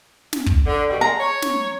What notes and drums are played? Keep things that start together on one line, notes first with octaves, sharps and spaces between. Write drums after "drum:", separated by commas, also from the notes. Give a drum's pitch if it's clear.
drum: snare
drum: kick
D3
B2 G3
G#3 A#5
C#5
drum: snare